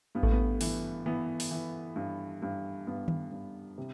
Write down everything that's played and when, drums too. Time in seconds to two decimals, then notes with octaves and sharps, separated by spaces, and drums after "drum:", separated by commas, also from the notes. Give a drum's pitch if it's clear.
0.15 G2 B3
0.23 A3, drum: kick A1
0.32 B3
0.61 E3, drum: open hi-hat
1.06 E3 B3
1.40 drum: open hi-hat
1.51 E3
1.96 G2
2.42 G2
2.87 G2 B3
3.08 drum: tom D#3
3.31 G2
3.78 C3